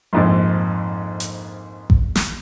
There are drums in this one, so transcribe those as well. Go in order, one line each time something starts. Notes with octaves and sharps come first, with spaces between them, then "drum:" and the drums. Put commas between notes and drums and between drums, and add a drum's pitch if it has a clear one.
A#1 F2 G#2
drum: hi-hat
drum: kick A1
drum: snare